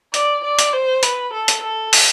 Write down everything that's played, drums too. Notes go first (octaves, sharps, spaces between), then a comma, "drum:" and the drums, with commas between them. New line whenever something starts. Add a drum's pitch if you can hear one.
D5, drum: hi-hat
D5
drum: hi-hat
C5
B4, drum: hi-hat
A4
drum: hi-hat
A4
drum: open hi-hat